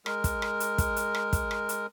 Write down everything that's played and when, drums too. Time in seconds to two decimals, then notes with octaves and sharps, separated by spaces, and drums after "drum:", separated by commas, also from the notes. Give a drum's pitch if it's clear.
0.06 G#3 A#4, drum: rim click
0.24 drum: kick, hi-hat
0.42 drum: rim click
0.60 drum: hi-hat
0.78 drum: kick, hi-hat
0.96 drum: hi-hat
1.15 drum: rim click
1.33 drum: kick, hi-hat
1.51 drum: rim click
1.69 drum: hi-hat